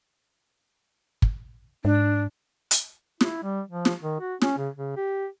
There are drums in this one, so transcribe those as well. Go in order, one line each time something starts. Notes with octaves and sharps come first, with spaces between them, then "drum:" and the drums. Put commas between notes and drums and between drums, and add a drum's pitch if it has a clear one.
drum: kick
G#2 D4
drum: hi-hat
E4, drum: snare
G3
F3
drum: snare
D#3
F#4
C#4, drum: snare
C#3
C#3
G4